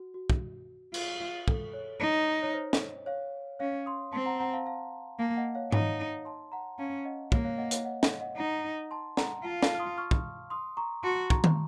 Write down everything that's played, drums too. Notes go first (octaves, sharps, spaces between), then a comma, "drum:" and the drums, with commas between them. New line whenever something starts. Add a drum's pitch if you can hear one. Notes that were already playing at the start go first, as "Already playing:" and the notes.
Already playing: F#4
F#4
drum: kick
F4, drum: cymbal
A4, drum: kick
C#5
D#4
C#5
C5 D#5
drum: snare
C#5 F5
C#4 C#5 F5
C6 D#6
C4 A5 C6
F#5 A#5
F#5 A#5
F5 A5
F5 A5
A#3 F5 A5
D#5 F#5
C#5 F5
D#4 C#5 F5, drum: tom G#2
A5 C6
F#5 A#5
C#4 F5 A5
D#5 F#5
A#3 C#5 F5, drum: kick
C#5 F5
D#5 F#5
C#5 F5, drum: hi-hat
D#5 F#5
D#5 F#5, drum: snare
D#5 F#5
D#4 F#5 A#5
A5 C6
F#5 A#5, drum: snare
F4 F5 A5
F5 A5, drum: snare
F6
C6 D#6
C#6 F6
drum: kick
C6 D#6
A#5 C#6
F#4 A5 C6
A#5 C#6, drum: kick
drum: tom D#3